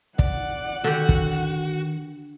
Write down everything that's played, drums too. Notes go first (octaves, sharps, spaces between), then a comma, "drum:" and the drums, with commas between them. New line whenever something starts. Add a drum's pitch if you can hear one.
D5 F#5, drum: kick
D3 D#3 F#4 G4
drum: kick